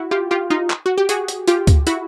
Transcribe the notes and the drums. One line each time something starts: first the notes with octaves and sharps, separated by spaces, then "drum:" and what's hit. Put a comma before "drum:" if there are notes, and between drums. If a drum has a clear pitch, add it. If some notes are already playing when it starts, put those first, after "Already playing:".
Already playing: E4 F#4
F4 G4
F4 G4
D#4 F4
drum: clap
F#4
G4
F#4 G#4, drum: hi-hat
drum: hi-hat
F4 G4, drum: hi-hat
drum: kick D2, hi-hat
E4 F#4, drum: hi-hat